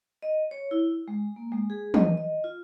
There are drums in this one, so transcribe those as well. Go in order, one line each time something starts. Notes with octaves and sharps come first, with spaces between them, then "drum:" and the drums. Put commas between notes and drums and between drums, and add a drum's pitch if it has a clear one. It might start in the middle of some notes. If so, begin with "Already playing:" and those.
D#5
C#5
E4
G#3
A#3
G#3
G#4
D#5, drum: tom
D#5
F4